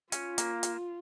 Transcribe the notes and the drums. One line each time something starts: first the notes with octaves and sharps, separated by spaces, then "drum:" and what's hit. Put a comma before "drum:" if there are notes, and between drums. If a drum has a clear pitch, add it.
C#4 F4, drum: hi-hat
A#3, drum: hi-hat
drum: hi-hat